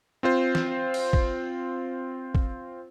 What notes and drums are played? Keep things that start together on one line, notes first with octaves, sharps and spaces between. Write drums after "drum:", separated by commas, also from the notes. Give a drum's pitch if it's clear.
C4 F4 C5
drum: snare
drum: cymbal
drum: kick G#1
drum: kick G#1